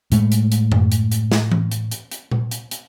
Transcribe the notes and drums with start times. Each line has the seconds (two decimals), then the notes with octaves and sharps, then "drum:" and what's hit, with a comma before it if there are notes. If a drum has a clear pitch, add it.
0.12 A2 G#3 A3, drum: hi-hat
0.32 drum: hi-hat
0.52 drum: hi-hat
0.72 drum: tom F#2
0.92 drum: hi-hat
1.12 drum: hi-hat
1.32 drum: snare
1.52 drum: tom E3
1.72 drum: hi-hat
1.91 drum: hi-hat
2.11 drum: hi-hat
2.31 drum: tom A#2
2.51 drum: hi-hat
2.71 drum: hi-hat